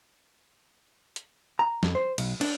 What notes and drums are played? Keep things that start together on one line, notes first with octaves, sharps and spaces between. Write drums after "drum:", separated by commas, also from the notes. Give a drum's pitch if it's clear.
drum: hi-hat
A#5
F2, drum: snare
C5
B1, drum: cymbal
D4, drum: cymbal